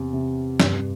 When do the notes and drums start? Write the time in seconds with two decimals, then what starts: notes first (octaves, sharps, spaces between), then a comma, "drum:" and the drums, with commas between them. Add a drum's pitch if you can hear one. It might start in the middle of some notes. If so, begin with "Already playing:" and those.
Already playing: E2 C3
0.13 C3
0.60 G2, drum: snare